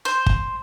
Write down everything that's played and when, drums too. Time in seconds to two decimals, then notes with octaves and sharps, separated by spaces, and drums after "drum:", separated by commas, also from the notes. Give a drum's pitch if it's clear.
0.05 C5
0.26 drum: kick